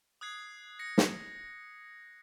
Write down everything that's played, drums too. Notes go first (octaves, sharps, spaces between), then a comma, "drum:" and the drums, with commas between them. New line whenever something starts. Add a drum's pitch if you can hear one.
D#6 F#6 G#6 C7
A#6 C#7
drum: snare